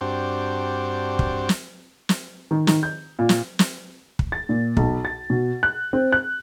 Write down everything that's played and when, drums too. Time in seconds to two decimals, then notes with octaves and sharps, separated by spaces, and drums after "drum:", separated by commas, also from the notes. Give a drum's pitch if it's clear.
0.01 G2 C4 D4 F#4 G4 C5
1.19 drum: kick
1.49 drum: snare
2.09 drum: snare
2.51 D#3
2.67 D#3, drum: snare
2.83 G6
3.19 A#2
3.29 drum: snare
3.59 drum: snare
4.19 drum: kick
4.32 A6
4.49 A#2
4.77 B1, drum: kick
5.05 A6
5.30 B2
5.63 F#6
5.93 C4
6.12 F#6